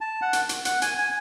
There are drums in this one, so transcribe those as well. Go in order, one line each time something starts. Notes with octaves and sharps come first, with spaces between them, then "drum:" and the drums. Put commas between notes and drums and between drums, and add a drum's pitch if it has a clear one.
A5
F#5
drum: hi-hat
drum: hi-hat
F#5, drum: hi-hat
G#5, drum: hi-hat
G#5